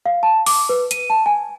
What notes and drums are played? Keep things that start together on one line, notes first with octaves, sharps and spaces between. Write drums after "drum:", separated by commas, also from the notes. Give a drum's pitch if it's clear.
F5
A5
D6, drum: open hi-hat
B4
D#7, drum: hi-hat
A5
G#5